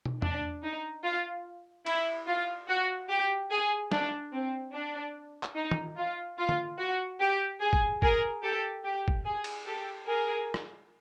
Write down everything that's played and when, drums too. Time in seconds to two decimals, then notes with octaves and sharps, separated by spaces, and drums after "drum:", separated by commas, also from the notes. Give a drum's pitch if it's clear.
0.05 drum: tom
0.22 D4, drum: tom
0.63 D#4
1.04 F4
1.86 E4, drum: cymbal
2.27 F4
2.68 F#4
3.10 G4
3.51 G#4
3.92 D4, drum: snare
4.33 C4
4.74 D4
5.43 drum: clap
5.56 D#4
5.71 drum: tom D#3
5.97 F4
6.38 F4
6.49 drum: tom D3
6.79 F#4
7.20 G4
7.61 G#4
7.73 drum: kick
8.02 G#4 A#4, drum: kick
8.43 G4 A4
8.84 G4
9.08 drum: kick
9.25 G#4
9.44 drum: cymbal
9.67 G4 A4
10.07 G#4 A#4
10.54 drum: rim click